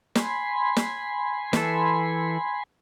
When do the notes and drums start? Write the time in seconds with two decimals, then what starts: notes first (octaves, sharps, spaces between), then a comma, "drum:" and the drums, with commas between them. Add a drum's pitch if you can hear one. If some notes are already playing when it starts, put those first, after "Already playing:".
0.15 G#5 B5 C6, drum: snare
0.77 drum: snare
1.53 E3 A4, drum: snare